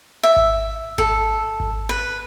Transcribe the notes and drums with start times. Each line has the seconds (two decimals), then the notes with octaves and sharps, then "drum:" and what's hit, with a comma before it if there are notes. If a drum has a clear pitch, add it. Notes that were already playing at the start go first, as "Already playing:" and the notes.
0.23 E5
0.36 drum: kick G#1
0.98 A4, drum: kick G#1
1.60 drum: kick G#1
1.89 B4